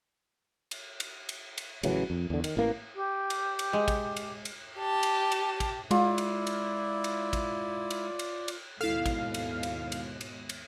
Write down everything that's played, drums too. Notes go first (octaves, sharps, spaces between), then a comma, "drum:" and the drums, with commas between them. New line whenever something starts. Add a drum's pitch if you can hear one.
drum: cymbal
drum: cymbal
drum: cymbal
drum: cymbal
A1 C#3 E3 F#3, drum: cymbal
F2
E2 D3
D#3, drum: cymbal
A1 E3 A#3
G4
drum: cymbal
drum: cymbal
G#3
drum: kick, cymbal
drum: cymbal
drum: cymbal
G4 A5
drum: cymbal
drum: cymbal
drum: kick, cymbal
G#3 E4 F4 D5, drum: cymbal
drum: cymbal
drum: cymbal
drum: cymbal
drum: kick, cymbal
drum: cymbal
drum: cymbal
drum: cymbal
D#2 G#2 B2 E4 A4 F5
drum: kick, cymbal
drum: cymbal
drum: cymbal
drum: cymbal
drum: cymbal
drum: cymbal